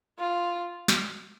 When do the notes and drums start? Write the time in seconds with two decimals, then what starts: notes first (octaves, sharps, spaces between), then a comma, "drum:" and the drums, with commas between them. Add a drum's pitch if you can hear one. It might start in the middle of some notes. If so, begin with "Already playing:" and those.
0.19 F4
0.88 drum: snare